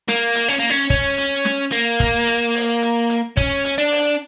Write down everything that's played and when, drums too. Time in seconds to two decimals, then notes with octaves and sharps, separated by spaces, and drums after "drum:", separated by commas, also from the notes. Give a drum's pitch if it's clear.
0.08 A#3, drum: snare
0.35 drum: hi-hat
0.48 C#4
0.60 A#3
0.70 C#4
0.90 C#4, drum: kick
1.18 drum: hi-hat
1.45 drum: snare
1.72 A#3
2.00 drum: kick, hi-hat
2.27 drum: hi-hat
2.55 drum: open hi-hat
2.82 drum: hi-hat
3.10 drum: hi-hat
3.37 C#4, drum: kick, hi-hat
3.65 drum: hi-hat
3.78 D4
3.92 drum: open hi-hat